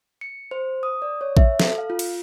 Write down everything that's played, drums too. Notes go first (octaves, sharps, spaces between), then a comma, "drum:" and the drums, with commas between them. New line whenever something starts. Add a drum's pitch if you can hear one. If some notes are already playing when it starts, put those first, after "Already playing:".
C#7
C5
D#6
D5
C#5
E5, drum: kick A#1
A4, drum: snare
F5
F4
drum: cymbal